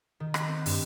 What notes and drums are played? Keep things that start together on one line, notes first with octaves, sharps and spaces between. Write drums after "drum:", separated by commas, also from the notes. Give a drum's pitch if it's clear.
D#3
F#6, drum: rim click
C4
G2, drum: open hi-hat